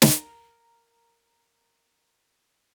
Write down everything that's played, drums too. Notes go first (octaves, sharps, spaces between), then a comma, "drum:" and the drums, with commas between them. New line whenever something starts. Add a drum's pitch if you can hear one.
A#4 A#5, drum: snare